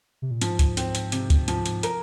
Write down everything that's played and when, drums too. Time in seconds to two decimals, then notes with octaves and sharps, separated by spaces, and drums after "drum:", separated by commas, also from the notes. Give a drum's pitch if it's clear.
0.22 C3
0.31 A#2
0.41 G#2 F3, drum: hi-hat
0.59 drum: kick C#2, hi-hat
0.77 C4, drum: hi-hat
0.95 drum: hi-hat
1.12 C3, drum: hi-hat
1.30 drum: kick C#2, hi-hat
1.48 F3, drum: hi-hat
1.66 drum: hi-hat
1.83 A#4, drum: hi-hat